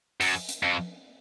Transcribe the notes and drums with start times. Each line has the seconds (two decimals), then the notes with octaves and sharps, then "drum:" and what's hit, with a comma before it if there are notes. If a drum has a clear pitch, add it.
0.21 F#2, drum: open hi-hat
0.49 drum: hi-hat
0.63 F2